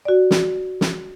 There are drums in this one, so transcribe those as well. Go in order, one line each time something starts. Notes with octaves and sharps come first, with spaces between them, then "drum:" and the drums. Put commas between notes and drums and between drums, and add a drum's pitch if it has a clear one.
F#4 D5
drum: snare
drum: snare